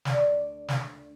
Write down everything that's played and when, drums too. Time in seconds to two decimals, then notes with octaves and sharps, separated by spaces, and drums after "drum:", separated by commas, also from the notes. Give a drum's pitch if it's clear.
0.05 D2 D5, drum: snare
0.68 drum: snare